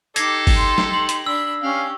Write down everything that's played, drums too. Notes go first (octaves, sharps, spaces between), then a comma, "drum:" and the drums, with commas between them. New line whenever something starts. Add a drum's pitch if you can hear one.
D#4 G4 A4 D6 G#6 A#6 C7, drum: hi-hat
drum: kick, open hi-hat
C6
drum: snare
F#7
drum: hi-hat
D4 B5 E6
C#4 G4 F5